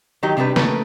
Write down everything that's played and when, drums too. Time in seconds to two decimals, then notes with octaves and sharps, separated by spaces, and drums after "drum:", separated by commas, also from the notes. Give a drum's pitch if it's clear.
0.23 D#3 F#3 D#4 G4
0.37 C3 G3 D4 G4 B4
0.56 C#3 A3 A#3 A4 B4, drum: snare